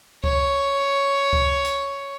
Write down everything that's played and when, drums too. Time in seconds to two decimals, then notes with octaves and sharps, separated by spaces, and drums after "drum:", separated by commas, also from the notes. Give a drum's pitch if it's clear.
0.24 C#5, drum: kick C#2
1.33 drum: kick C#2
1.65 drum: hi-hat